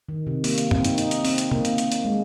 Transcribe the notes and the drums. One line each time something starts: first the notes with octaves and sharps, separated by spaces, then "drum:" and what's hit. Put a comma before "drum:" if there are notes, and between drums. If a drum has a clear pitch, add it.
D#3
C3
A#3, drum: open hi-hat
drum: hi-hat
C4, drum: tom
D#4, drum: hi-hat
D#4, drum: hi-hat
drum: hi-hat
C4, drum: open hi-hat
drum: hi-hat
A#3, drum: tom
drum: hi-hat
drum: hi-hat
drum: hi-hat
G#3